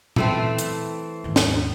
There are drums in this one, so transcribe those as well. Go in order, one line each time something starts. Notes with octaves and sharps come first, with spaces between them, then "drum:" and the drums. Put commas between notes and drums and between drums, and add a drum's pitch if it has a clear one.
E3 A3 C4, drum: tom A#2
drum: hi-hat
D#2 G#2
drum: snare